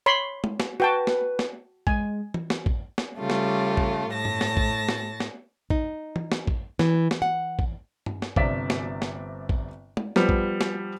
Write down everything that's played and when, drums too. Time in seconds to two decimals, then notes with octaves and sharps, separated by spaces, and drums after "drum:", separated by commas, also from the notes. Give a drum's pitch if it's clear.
0.06 C#5 B5 C6
0.44 drum: tom
0.60 drum: snare
0.80 F#4 B4 G5 A5
1.07 drum: snare
1.39 drum: snare
1.87 G#3 G#5, drum: kick
2.34 drum: tom E3
2.50 drum: snare
2.66 drum: kick
2.98 drum: snare
3.18 C#3 G3 A3 F4
3.30 drum: snare
3.77 drum: kick
4.11 A2 A5 A#6
4.25 drum: tom G2
4.41 drum: snare
4.57 drum: kick
4.89 drum: snare
5.20 drum: snare
5.70 D#4, drum: kick
6.16 drum: tom E3
6.32 drum: snare
6.47 drum: kick
6.79 E3, drum: snare
7.11 drum: snare
7.22 F#5
7.59 drum: kick
8.06 drum: tom G2
8.22 drum: snare
8.36 G1 C3 D5 E5 B6, drum: kick
8.70 drum: snare
9.02 drum: snare
9.49 drum: kick
9.97 drum: tom
10.16 F3 G3 B3, drum: snare
10.29 drum: kick
10.61 drum: snare